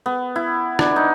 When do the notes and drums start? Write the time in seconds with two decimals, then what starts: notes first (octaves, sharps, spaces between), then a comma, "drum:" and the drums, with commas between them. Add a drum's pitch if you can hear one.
0.06 B3
0.36 E4
0.79 D4, drum: rim click
0.96 D#4